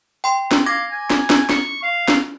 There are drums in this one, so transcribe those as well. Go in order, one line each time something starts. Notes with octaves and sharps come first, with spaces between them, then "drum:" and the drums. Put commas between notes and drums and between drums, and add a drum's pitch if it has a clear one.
G5 C6
drum: snare
F5 D6 G#6 A#6
G#5
drum: snare
drum: snare
C#6, drum: snare
F5
drum: snare